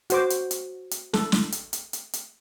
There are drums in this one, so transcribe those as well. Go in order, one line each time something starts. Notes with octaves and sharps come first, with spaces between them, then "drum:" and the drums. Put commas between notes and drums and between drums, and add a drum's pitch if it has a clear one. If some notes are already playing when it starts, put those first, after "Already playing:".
F#4 C5 D6, drum: hi-hat
drum: hi-hat
drum: hi-hat
drum: hi-hat
A4, drum: snare
drum: snare
drum: hi-hat
drum: hi-hat
drum: hi-hat
drum: hi-hat